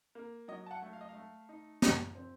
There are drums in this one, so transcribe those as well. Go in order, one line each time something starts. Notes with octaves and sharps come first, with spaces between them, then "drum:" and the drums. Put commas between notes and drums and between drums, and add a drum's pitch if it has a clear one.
A#3
F#3 D#5
A5
F#5
A3
F5
D#5
F5
A3
D#4
F3, drum: snare
C4